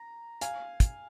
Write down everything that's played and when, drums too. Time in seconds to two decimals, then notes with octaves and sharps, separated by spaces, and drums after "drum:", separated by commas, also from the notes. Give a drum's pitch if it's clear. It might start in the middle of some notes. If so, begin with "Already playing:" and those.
Already playing: A#5
0.41 F5 G#5, drum: hi-hat
0.80 drum: kick, hi-hat